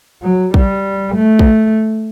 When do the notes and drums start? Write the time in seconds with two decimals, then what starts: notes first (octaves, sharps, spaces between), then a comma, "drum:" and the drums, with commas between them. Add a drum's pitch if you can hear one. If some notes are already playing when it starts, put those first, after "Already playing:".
0.23 F#3
0.54 G3, drum: kick
1.15 A3
1.39 drum: kick